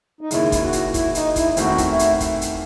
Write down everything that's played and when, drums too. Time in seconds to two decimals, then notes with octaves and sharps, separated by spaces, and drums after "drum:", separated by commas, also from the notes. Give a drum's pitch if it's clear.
0.21 D#4
0.31 D#2 C#3 G#3 E4, drum: hi-hat
0.52 E4, drum: kick F1, hi-hat
0.62 F#4
0.73 drum: hi-hat
0.94 E4, drum: kick F1, hi-hat
1.15 D#4, drum: hi-hat
1.36 E4, drum: kick F1, hi-hat
1.52 E4
1.57 E2 D#3 A3 C4 F#4, drum: hi-hat
1.78 drum: kick F1, hi-hat
1.89 E4
1.99 drum: hi-hat
2.20 drum: kick F1, hi-hat
2.41 drum: hi-hat